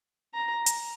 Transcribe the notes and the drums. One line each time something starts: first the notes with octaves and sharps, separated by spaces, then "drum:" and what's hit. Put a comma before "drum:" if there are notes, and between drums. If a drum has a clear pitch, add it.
A#5
drum: hi-hat